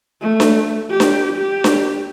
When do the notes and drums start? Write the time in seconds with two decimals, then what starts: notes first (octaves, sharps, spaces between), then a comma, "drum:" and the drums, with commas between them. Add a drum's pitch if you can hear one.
0.22 A3
0.40 drum: snare D4
0.91 G4
1.00 drum: snare D4
1.38 G4
1.64 drum: snare D4